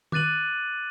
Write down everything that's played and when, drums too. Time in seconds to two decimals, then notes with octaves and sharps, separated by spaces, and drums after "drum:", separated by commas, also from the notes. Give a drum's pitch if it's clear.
0.12 D6 F#6 A6 D#7 F#7, drum: tom D#3